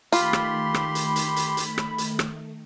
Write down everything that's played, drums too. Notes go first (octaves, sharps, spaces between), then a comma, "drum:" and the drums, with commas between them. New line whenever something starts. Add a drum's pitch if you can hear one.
D#3 A3 F4 G4 B5 C6, drum: hi-hat
drum: rim click
drum: rim click
drum: hi-hat
drum: hi-hat
drum: hi-hat
drum: hi-hat
drum: rim click
drum: hi-hat
drum: rim click